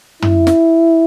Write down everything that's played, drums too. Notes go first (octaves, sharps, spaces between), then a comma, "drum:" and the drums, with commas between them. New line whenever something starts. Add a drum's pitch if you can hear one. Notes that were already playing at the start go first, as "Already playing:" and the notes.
E4, drum: tom
drum: snare